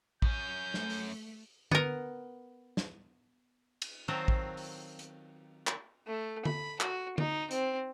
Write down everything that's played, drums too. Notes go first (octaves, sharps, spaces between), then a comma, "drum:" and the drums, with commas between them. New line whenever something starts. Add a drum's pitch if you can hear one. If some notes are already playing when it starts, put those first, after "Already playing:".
F#2 C#4 G6, drum: kick
A3, drum: snare
drum: open hi-hat
B3 A#4, drum: tom D3
drum: snare
drum: cymbal
D#3 F#3 C4 F4 A4 A#4
drum: kick
drum: open hi-hat
drum: hi-hat
drum: clap
A3
B5, drum: tom D3
F#4, drum: clap
D#4, drum: tom D3
C4, drum: hi-hat